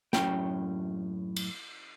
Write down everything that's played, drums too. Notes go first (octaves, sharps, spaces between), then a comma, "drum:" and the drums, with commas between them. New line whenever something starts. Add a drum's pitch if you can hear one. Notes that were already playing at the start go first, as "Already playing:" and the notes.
F#2 A2 F#3 C#4 G5, drum: snare
drum: cymbal